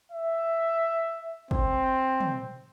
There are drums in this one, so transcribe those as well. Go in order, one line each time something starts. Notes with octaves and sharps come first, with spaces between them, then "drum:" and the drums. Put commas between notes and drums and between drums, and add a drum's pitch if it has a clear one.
E5
C4, drum: kick
drum: tom